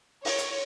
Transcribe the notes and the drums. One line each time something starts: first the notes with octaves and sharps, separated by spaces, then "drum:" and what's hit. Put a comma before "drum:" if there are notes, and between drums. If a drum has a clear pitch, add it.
C#5, drum: open hi-hat
drum: hi-hat